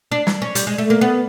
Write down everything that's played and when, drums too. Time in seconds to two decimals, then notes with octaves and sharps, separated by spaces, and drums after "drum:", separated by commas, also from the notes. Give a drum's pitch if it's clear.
0.12 D4
0.27 drum: snare
0.42 C#4
0.55 G3, drum: hi-hat
0.67 G#3
0.78 A3
0.90 A#3
1.01 B3